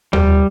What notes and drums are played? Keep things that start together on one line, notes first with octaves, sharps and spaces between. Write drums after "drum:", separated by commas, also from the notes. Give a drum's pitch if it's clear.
G3, drum: tom D#2